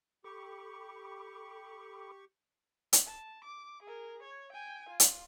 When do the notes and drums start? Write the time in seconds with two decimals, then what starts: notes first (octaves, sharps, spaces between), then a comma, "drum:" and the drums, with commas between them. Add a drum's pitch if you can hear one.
0.24 G4 A4 B5 C#6 D6
2.93 drum: hi-hat
3.07 A5
3.44 D6
3.83 G#4 A#4
4.23 C#5
4.53 G5 G#5
4.90 F4
5.00 drum: hi-hat